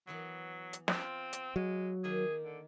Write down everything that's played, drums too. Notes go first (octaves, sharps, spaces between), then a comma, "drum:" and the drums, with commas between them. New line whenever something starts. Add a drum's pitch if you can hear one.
E3 F#3 B3 G5
drum: hi-hat
C4 F4, drum: snare
drum: hi-hat
F#3 G#3
D#3 A#3 G#4
D3